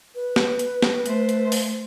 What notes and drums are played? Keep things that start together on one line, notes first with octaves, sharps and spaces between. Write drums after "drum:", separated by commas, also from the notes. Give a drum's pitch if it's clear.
B4
drum: snare
drum: hi-hat
drum: snare
A3 C5, drum: hi-hat
drum: hi-hat
drum: open hi-hat